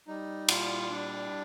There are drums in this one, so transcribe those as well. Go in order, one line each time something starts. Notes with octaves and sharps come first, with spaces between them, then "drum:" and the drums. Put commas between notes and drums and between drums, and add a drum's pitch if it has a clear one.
G3 D#4
A#2 F4, drum: cymbal
G3 D4